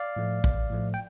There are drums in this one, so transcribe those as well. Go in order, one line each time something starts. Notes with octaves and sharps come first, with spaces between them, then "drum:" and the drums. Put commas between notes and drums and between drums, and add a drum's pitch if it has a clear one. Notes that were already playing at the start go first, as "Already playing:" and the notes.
Already playing: D5 F5
A2 F3 A3
A1, drum: kick
A2 F3 A3
G5